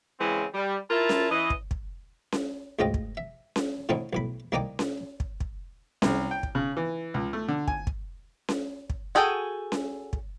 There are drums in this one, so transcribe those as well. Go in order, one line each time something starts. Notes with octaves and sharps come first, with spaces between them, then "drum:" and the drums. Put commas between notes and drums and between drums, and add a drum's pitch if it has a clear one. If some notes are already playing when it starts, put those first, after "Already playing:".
C#3 E3 G#3 C4
G3
E4 F4 A#4 A5
drum: snare C#4
E3 D#5
drum: kick
drum: kick
drum: snare C#4
D2 G#2 C#3 F4 D#5 G5
drum: kick
E5
drum: snare C#4
A2 D3 C4 C#4 D#4 E4
B1 A2 B5
C2 A#3 D#4 D5 G5 D6
drum: snare C#4
drum: kick
drum: kick
C2, drum: snare C#4
G5
drum: kick
C#3
E3
C#2
A3
D3
G#5, drum: kick
drum: kick
drum: snare C#4
drum: kick
F#4 G#4 A4 G5 G#5
drum: snare C#4
drum: kick